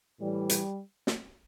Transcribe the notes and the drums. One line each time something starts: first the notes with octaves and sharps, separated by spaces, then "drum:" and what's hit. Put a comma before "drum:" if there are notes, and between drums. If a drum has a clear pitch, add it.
A2 E3 G3
drum: hi-hat
drum: snare